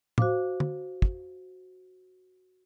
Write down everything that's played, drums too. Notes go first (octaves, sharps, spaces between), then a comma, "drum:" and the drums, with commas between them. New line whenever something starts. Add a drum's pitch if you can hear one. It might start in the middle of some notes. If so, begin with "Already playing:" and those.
F#4 C5 F5 D6, drum: tom A2
drum: tom
drum: kick